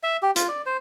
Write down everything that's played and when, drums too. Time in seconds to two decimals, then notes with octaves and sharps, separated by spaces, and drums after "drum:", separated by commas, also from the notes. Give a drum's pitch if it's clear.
0.03 E5
0.23 G4
0.36 F4, drum: hi-hat
0.48 D5
0.66 C5